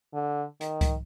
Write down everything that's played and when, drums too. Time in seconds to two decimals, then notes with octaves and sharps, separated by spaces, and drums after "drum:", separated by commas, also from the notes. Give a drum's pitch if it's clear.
0.14 D3
0.61 D#3, drum: hi-hat
0.81 drum: kick C2, hi-hat